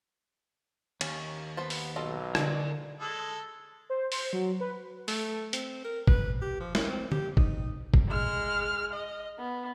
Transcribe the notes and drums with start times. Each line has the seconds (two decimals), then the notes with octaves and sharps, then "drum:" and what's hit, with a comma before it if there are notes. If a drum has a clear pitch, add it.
1.01 D#2 C#4, drum: cymbal
1.57 B3 C5 A5
1.70 drum: open hi-hat
1.96 B1 F4 A4 D#5
2.35 D3 G#3 A#4 D5 A#6, drum: rim click
3.01 G#3 A4
3.90 C5
4.12 C5, drum: open hi-hat
4.33 F#3
4.60 B4
5.08 A3, drum: open hi-hat
5.53 C4, drum: hi-hat
5.85 A#4
6.08 B4, drum: kick
6.42 G4
6.60 F3
6.75 C#4, drum: snare
6.88 C4
7.12 G4, drum: tom D3
7.37 D#4, drum: kick
7.94 drum: kick
8.08 G#3 F6
8.93 D#5
9.39 B3